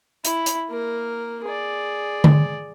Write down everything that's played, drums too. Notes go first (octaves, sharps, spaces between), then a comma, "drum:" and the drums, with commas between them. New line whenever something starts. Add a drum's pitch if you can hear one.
E4, drum: hi-hat
drum: hi-hat
A#3 A#4
G#4 D5
drum: tom D3